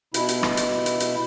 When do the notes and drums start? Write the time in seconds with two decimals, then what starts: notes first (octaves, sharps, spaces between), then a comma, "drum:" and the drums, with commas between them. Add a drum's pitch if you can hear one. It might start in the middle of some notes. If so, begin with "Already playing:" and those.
0.14 B2 E4, drum: hi-hat
0.28 drum: hi-hat
0.43 drum: rim click
0.57 drum: hi-hat
0.86 drum: hi-hat
1.00 drum: hi-hat